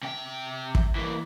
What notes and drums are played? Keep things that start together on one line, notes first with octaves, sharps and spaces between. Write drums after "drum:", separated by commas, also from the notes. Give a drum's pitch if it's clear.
C3 G5
drum: kick
E3 A#3